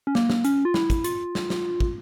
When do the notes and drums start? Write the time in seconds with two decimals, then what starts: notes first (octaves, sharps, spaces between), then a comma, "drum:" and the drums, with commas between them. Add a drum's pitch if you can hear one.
0.07 C#4
0.15 A#3, drum: snare
0.30 drum: snare
0.45 C#4, drum: hi-hat
0.65 F4
0.74 E4, drum: snare
0.90 drum: kick, hi-hat
1.04 F4, drum: hi-hat
1.35 drum: snare
1.50 drum: snare
1.80 drum: kick